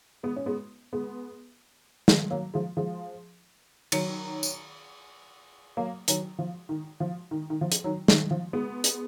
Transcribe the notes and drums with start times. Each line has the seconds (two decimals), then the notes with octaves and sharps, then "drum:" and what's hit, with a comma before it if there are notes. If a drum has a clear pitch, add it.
0.23 G#3 B3
0.36 C#4
0.46 G#3 B3
0.93 G#3 B3
2.08 F3 G#3, drum: snare
2.31 F#3 A#3
2.54 F3 G#3
2.77 F3 G#3
3.92 D#3 F#3, drum: cymbal
4.43 drum: tambourine
5.77 F#3 A#3
6.08 D#3 F#3, drum: hi-hat
6.39 F3
6.69 D#3
7.00 F3
7.31 D#3
7.50 D#3
7.61 F3
7.72 drum: hi-hat
7.84 D#3 F#3
8.08 D#3, drum: snare
8.31 F3
8.53 G#3 B3
8.84 drum: hi-hat